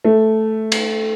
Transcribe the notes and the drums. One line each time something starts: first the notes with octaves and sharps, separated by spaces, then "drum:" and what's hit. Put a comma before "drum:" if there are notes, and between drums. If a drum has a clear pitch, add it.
A3
drum: cymbal